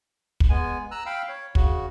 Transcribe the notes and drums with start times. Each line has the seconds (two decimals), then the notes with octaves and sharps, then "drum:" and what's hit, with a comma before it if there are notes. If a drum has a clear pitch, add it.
0.40 drum: kick
0.50 G#3 B3 G#5
0.91 A#5 E6 F#6
1.06 F5 G5 B5
1.29 C#5
1.55 C#3 F#4, drum: kick